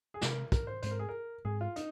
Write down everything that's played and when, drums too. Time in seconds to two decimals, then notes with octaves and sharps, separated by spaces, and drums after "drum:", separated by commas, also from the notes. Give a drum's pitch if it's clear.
0.14 G#4
0.21 C3 G#3 C4 A#4, drum: snare
0.52 A#4, drum: kick, hi-hat
0.67 C5
0.82 G#2 G#3 C4 C5, drum: hi-hat
0.91 A#4
0.99 G#4
1.09 A#4
1.45 G#2 G#3 C4 G#4
1.61 F4
1.76 D#4, drum: hi-hat